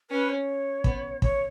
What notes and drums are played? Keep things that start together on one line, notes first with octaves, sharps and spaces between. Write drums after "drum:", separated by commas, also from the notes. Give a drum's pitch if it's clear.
C#4 B4
C#5
B3, drum: kick
C#5, drum: kick